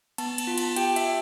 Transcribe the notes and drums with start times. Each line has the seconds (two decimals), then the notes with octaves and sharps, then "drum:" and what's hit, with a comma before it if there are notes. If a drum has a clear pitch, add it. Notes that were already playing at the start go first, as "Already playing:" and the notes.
0.18 B3 A5, drum: cymbal
0.38 drum: cymbal
0.47 F4
0.58 A5, drum: cymbal
0.76 G4 G5, drum: cymbal
0.96 E5, drum: cymbal
1.06 G4